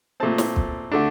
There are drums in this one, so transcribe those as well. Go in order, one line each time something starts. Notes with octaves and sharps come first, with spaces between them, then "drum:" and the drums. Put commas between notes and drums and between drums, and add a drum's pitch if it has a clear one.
A#2 A3 C4 A5
drum: snare
drum: kick
D3 A3 D4